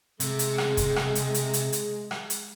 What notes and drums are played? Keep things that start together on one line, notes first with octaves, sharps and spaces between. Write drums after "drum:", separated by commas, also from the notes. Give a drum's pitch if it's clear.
C3 G#3, drum: hi-hat
drum: hi-hat
drum: rim click
drum: kick, hi-hat
drum: rim click
drum: hi-hat
drum: hi-hat
drum: hi-hat
drum: hi-hat
drum: rim click
drum: hi-hat